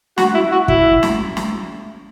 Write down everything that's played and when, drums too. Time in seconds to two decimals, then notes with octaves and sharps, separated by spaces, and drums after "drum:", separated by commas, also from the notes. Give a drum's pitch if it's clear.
0.18 F#4, drum: snare
0.34 E4
0.52 F#4
0.68 E4, drum: kick
1.03 drum: snare
1.37 drum: snare